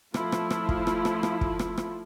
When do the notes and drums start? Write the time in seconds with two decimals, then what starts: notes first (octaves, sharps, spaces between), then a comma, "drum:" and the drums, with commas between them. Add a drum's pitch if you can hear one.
0.14 F3 A3 E4 F4, drum: rim click
0.32 drum: rim click
0.51 drum: rim click
0.69 drum: kick
0.87 drum: rim click
1.05 drum: rim click
1.23 drum: rim click
1.41 drum: kick
1.59 drum: rim click
1.78 drum: rim click